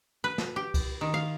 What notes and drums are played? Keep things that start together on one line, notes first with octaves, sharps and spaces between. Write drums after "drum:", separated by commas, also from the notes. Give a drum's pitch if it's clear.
B4
drum: snare
G4
drum: kick C2, cymbal
D#3
F5